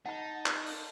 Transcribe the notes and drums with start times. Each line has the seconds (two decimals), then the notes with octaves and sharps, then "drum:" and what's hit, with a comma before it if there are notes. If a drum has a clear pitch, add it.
0.06 D#4 F#5 A5 A#5
0.46 drum: clap
0.66 drum: open hi-hat